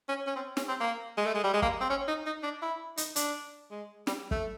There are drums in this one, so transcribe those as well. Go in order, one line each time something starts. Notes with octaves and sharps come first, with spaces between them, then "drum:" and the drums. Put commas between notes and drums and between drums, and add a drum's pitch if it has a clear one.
C#4
C#4
C4
C#4, drum: snare
C4
A#3
G#3
A3
G#3
G3
G#3
A#3, drum: kick
C4
C#4
D#4
D#4
D4
E4
D#4, drum: hi-hat
D4, drum: hi-hat
G#3
G3, drum: snare
A3, drum: kick